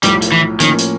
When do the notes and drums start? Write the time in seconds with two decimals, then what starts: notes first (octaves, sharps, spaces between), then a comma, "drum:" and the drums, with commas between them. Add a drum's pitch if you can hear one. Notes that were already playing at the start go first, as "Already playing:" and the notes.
0.03 B1 A2 F3 G3, drum: hi-hat
0.22 drum: hi-hat
0.32 E3
0.60 A2 D#3 F3 A#3 C#4, drum: hi-hat
0.78 drum: hi-hat